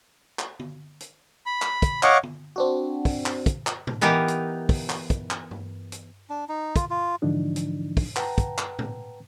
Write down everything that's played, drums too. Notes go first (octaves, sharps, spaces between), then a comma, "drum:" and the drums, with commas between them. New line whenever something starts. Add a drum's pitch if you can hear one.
drum: clap
drum: tom
drum: hi-hat
B5
drum: clap
drum: kick, hi-hat
C#5 D#5 F5 F#5 C#6 D6, drum: clap
drum: tom
C4 D4 F#4
drum: kick, open hi-hat
drum: clap
drum: kick, hi-hat
drum: clap
drum: tom A2
E3 B3 D#4 G4 A#4
drum: hi-hat
drum: kick, open hi-hat
drum: clap
drum: kick, hi-hat
drum: clap
drum: tom G2
drum: hi-hat
D4
D#4
F4, drum: kick, hi-hat
F4
G#2 D3 E3 F3 D4 D#4
drum: hi-hat
drum: kick, open hi-hat
B4 F#5 G5 A5 A#5, drum: clap
drum: kick, hi-hat
drum: clap
drum: tom A2